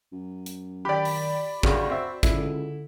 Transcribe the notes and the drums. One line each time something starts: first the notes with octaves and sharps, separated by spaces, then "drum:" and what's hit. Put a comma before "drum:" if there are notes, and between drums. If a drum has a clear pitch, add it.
F#2
drum: hi-hat
D#3 G4 D5 G5 B5
drum: open hi-hat
D2 G2 C#3 F#4, drum: kick
C4 E5
C#2 D3 E4, drum: kick, hi-hat